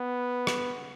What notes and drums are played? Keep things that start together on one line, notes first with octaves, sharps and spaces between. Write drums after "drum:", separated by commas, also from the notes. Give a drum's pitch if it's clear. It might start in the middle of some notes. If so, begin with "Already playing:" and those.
Already playing: B3
drum: rim click